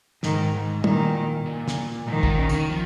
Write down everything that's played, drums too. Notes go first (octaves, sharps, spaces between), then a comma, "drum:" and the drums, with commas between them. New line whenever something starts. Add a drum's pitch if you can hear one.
G#2 D#3, drum: snare
G#2
A#2 D#3, drum: tom
A#2
drum: snare
G#2 D#3
A#2, drum: kick
C#3
C#3, drum: tambourine
D#3
F3